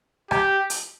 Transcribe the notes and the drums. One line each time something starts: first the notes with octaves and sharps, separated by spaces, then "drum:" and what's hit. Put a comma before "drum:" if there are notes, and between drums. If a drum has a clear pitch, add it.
G4, drum: rim click
drum: hi-hat